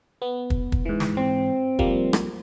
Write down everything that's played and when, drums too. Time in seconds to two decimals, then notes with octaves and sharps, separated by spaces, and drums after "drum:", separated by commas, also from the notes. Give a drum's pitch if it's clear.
0.22 B3
0.50 drum: kick
0.72 drum: kick
0.85 G#2 E3
1.00 drum: snare
1.17 C4
1.79 F3 G3 A#3, drum: kick
2.13 drum: rim click